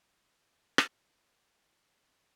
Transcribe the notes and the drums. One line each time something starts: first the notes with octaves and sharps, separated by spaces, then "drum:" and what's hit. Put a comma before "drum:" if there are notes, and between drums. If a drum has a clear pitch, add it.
G2 D4
C2
drum: rim click